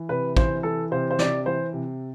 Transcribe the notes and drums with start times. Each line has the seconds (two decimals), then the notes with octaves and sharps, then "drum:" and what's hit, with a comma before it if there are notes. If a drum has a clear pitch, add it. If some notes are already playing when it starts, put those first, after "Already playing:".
Already playing: E3
0.09 C3 B4
0.37 E3 C5, drum: kick
0.63 E3 A4
0.91 C3 C5
1.11 C5
1.19 C3 D5, drum: snare
1.46 E3 C5
1.73 C3